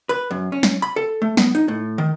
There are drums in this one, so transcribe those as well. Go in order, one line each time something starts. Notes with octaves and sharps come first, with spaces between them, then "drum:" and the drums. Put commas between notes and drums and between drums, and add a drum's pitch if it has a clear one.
B4, drum: hi-hat
F#2
C#4
drum: snare
B5, drum: hi-hat
A4
A3
B3, drum: snare
D#4, drum: hi-hat
A2
D#3